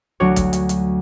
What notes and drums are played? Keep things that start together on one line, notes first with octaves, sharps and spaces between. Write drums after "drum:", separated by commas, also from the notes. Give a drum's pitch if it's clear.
D2 F#3 D4 F#4 C#5
drum: kick, hi-hat
drum: hi-hat
drum: hi-hat